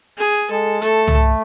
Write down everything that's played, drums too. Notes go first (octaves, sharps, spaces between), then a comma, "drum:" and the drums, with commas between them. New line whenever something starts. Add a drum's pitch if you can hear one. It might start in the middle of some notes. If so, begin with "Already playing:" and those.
G#4
G#3 A4
A3 A4, drum: hi-hat
drum: tom